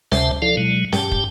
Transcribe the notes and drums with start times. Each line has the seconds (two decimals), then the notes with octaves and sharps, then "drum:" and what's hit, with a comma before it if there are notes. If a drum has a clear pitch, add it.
0.12 D2 C3 C5 E5 A5, drum: snare C#4
0.42 F3 E4 A4 D5 F5
0.57 B2 F#3 G#3
0.93 G2 G4 G5 A5, drum: snare C#4
1.11 drum: kick